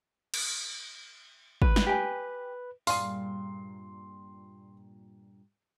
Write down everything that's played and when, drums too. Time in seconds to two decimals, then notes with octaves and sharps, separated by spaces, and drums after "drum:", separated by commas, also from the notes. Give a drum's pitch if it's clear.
0.34 drum: cymbal
1.62 B4, drum: kick
1.76 drum: snare
1.86 G4 G#5
2.87 G2 A#2 G#4 D5 F5 C6, drum: open hi-hat